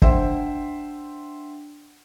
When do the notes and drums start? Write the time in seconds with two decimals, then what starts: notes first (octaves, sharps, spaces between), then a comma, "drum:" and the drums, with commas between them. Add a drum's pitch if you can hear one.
0.02 D4 C5 E5 F#5 G5, drum: kick